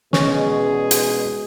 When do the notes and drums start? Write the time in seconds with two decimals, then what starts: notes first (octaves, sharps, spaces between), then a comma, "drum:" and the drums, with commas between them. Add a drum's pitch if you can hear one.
0.13 E2 B2 G#3 C#4 G#4, drum: snare
0.91 drum: hi-hat